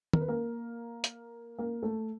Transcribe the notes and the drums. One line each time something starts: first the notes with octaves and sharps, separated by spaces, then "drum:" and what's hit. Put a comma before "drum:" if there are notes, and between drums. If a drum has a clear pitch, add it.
A#4, drum: tom
B4
A#3 A#4
drum: hi-hat
A#3 A#4
A3 A4